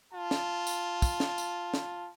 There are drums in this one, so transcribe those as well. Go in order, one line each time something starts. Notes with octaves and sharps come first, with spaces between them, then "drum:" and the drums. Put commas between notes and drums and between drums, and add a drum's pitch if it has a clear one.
F4 A5
drum: snare
drum: tambourine
drum: kick, tambourine
drum: snare
drum: tambourine
drum: snare